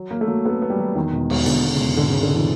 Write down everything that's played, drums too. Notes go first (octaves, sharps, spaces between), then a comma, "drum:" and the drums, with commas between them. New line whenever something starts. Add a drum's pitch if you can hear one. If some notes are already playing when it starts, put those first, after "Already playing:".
Already playing: F#3
F#3 A#3
A3
F#3 A#3
A3 B3
B3
G3
F#3
E2 D#3
E1
E1, drum: cymbal
E2 D3, drum: cymbal
E1
C#3
E1
G#1 D3
C#3
D#3
D3
E3